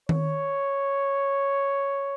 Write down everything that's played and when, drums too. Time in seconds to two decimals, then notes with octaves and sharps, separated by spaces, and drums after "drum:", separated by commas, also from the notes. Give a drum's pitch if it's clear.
0.09 C#5, drum: tom D#3